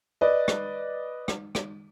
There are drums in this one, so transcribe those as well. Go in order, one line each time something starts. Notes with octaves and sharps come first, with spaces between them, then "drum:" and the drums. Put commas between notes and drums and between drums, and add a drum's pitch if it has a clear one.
B4 D5 D#5
drum: rim click
drum: rim click
drum: rim click